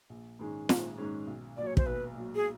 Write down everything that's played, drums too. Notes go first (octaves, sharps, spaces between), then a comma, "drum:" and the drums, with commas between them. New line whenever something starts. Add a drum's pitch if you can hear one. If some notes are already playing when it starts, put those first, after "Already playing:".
A#1
G#2 D#3 G#3 C#4
A#1, drum: snare
G#2 D#3 G#3 C#4
B1
A#2 F#3 D5
C#5
C5, drum: kick
B1 B4
A#2 F#3
G#4